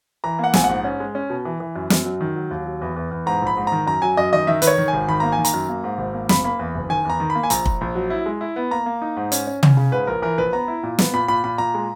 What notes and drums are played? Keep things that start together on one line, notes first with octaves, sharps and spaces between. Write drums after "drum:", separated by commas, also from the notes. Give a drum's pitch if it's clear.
E3 A#5
A#3 F#5
A#1 G#5, drum: snare
F#5
G#2
C#4
G#3
C#4
B2
E3
E3
F#2
F#2, drum: snare
F#3
D#3
F#3
D#2
F#3
E2
E2
E2
G#2 A#5
A#1
B5
G#2
D#3 A#5
F#2 A#5
F#3 G#5
F#2 D#5
D#3 D#5
D#3 E5
D#3 B4, drum: hi-hat
C#5
D#3
G#5
G#1
D#3 B5
A#3 A#5
G#5
D#3
A#5, drum: hi-hat
F#2
A#3
G#2
G#1
A#3
F#1 B5, drum: snare
A#3 B5
E2
F#1
D#3 G#5
E2 A#5
D#3
B5
A#3
G#5
A#1 A#5, drum: hi-hat
A#1, drum: kick
A#1
F#3
E4
G#3
E4
B3
A#3 A#5
A#3
D#4
G#2
C#4, drum: hi-hat
C#4
C#4, drum: tom
C#3
G#2 B4
A#1 A#4
E3 A#4
A#1 B4
B3 A#5
E4
A#2
B3, drum: snare
A#2 B5
A#2 B5
A#2 B5
A#2 A#5
G#3